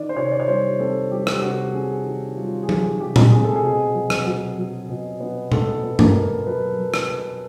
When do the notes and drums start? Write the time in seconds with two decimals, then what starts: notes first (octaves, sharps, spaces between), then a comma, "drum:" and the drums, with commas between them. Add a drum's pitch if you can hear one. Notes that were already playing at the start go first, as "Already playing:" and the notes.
Already playing: D#3 D5
0.09 C5
0.16 C3 C#5
0.31 D5
0.40 C#5
0.48 G3 C5
0.80 C4 A4
1.11 G3 G4
1.27 drum: rim click
1.36 G4
1.42 C3 F#4
1.74 C4 G#4
2.06 D#3
2.37 G3 F4
2.63 G#4
2.69 D#3 G4, drum: tom F#3
3.00 C3 G4
3.16 drum: tom A#2
3.31 C4 G#4
3.44 A4
3.56 G#4
3.63 B2
3.95 F#3
4.10 drum: rim click
4.26 F#3
4.58 F#3
4.89 B2
5.20 B3
5.52 B3 A4, drum: tom B2
5.83 B3
5.99 A#4, drum: tom G2
6.15 B2
6.47 F#3 B4
6.78 F#3
6.94 drum: rim click
7.10 B2